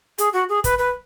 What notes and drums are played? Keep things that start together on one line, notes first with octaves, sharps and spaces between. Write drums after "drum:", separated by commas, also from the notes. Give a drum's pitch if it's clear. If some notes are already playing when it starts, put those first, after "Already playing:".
G#4, drum: hi-hat
F#4
G#4
B4, drum: kick, hi-hat
B4